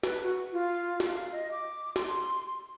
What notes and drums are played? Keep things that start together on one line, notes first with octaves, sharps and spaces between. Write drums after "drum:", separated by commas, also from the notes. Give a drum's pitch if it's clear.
B4, drum: snare
F#4
F4
drum: snare
F5
D#5
D6
C6, drum: snare